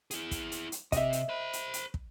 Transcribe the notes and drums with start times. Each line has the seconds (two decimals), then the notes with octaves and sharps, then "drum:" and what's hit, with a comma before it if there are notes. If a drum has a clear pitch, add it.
0.11 E4 G#4, drum: hi-hat
0.31 drum: kick, hi-hat
0.52 drum: hi-hat
0.72 drum: hi-hat
0.92 C3 D#5 E5, drum: kick, hi-hat
1.13 drum: hi-hat
1.29 C5 B5
1.53 drum: hi-hat
1.74 drum: hi-hat
1.94 drum: kick